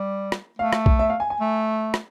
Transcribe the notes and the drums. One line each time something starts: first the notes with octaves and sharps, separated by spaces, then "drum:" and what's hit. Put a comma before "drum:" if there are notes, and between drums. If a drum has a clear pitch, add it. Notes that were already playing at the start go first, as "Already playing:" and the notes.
Already playing: G3
drum: rim click
A3 F5
drum: rim click
drum: kick B1
E5
F5
G#5
G#5
A3
drum: rim click